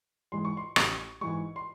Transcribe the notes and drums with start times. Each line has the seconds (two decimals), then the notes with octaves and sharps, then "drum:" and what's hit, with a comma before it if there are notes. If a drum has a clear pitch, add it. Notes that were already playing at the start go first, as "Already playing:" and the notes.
0.32 G#2 E3 G#3 C6
0.45 C#6
0.57 C6
0.76 A1 C#6, drum: rim click
1.21 G#2 E3 G#3 C#6
1.56 C6